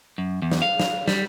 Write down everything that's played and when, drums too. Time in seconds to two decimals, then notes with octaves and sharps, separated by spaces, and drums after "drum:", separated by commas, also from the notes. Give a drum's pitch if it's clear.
0.18 F#2
0.42 E2
0.52 drum: snare
0.62 F5
0.80 drum: snare
1.08 G3, drum: snare